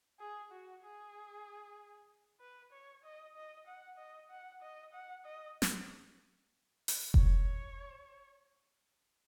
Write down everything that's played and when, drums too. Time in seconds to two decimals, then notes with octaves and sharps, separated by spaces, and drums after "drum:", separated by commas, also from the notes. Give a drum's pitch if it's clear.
0.19 G#4
0.51 F#4
0.83 G#4
2.40 B4
2.72 C#5
3.04 D#5
3.36 D#5
3.67 F#5
3.98 D#5
4.30 F#5
4.61 D#5
4.93 F#5
5.25 D#5
5.62 drum: snare
6.88 drum: open hi-hat
7.14 C#5, drum: kick F1